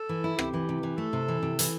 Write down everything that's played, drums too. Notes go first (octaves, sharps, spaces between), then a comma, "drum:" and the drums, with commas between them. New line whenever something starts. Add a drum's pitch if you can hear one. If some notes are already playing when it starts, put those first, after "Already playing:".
Already playing: A4
E3
E4
C3 G4, drum: rim click
E3
C3
E3
A3 A4
C3
E3
C3
E3, drum: hi-hat